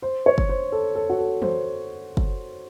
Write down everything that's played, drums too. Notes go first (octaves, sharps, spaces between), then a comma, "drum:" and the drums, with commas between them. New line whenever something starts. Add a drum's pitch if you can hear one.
C5
C#5
drum: kick
C5
A4
A4
F#4
A4
C5, drum: tom E3
drum: kick